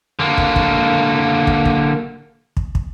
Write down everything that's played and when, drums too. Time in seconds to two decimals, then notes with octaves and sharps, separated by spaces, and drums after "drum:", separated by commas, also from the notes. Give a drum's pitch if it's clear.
0.19 D3 A#3
0.38 drum: kick
0.56 drum: kick
1.47 drum: kick
1.65 drum: kick
2.57 drum: kick
2.75 drum: kick